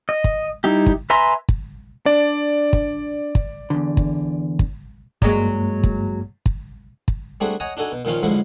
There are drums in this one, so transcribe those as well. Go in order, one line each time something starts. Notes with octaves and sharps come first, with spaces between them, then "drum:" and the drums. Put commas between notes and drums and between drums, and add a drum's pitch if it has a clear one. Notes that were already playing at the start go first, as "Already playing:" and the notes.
D#5
drum: kick
G3 D#4 E4 G4
drum: kick
B4 E5 G#5 A#5 C6
drum: kick
D4 D5
drum: kick
drum: kick
E2 D3
drum: kick
drum: kick
G2 F#3 G#3 A#3, drum: kick
drum: kick
drum: kick
drum: kick
G3 A3 C4 D4 F#4 G#4
C#5 D#5 F#5 G#5 A#5
D4 D#4 F#4 A4 G#5
B2
A#2 D#3 F3 C#4 F4
F2 G#2 D3 F3 F#3 E4